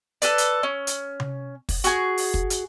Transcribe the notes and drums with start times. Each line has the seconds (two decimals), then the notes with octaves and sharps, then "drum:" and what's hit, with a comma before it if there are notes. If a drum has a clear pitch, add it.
0.22 A4 B4 D5, drum: hi-hat
0.38 drum: hi-hat
0.63 C#4
0.87 drum: hi-hat
1.20 drum: tom C3
1.69 drum: kick, open hi-hat
1.84 F#4 G#4, drum: hi-hat
2.18 drum: open hi-hat
2.34 drum: kick
2.50 drum: hi-hat